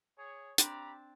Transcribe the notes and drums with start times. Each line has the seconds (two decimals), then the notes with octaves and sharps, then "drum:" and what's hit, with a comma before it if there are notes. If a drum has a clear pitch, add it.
0.17 G#4 C#5
0.58 C4 D4 G4 D5 A#5 B5, drum: hi-hat